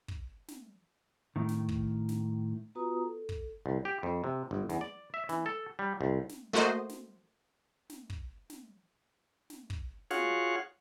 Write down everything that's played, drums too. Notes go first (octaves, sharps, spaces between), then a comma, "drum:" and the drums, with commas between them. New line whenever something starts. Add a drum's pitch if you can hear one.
drum: kick
drum: snare
A2 D#3
drum: snare
drum: kick
drum: snare
B3 F4 F#4 B4 A#5 D#6
A4
drum: kick
C2
G4
F2
C3
G1
E2, drum: snare
D5
E5
E3, drum: snare
A4
G3
C2
drum: snare
A3 A#3 F#4 C5 D#5
drum: snare
drum: snare
drum: kick
drum: snare
drum: snare
drum: kick
F4 F#4 G#4 C#5 F5 F#5, drum: snare